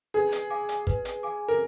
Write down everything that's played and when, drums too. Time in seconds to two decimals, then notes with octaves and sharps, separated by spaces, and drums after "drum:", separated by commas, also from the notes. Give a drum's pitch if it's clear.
0.14 G#4 B4
0.32 drum: hi-hat
0.50 F5 G#5 D6
0.69 drum: hi-hat
0.87 B4, drum: kick
1.05 drum: hi-hat
1.23 F5 G#5 D6
1.48 A#4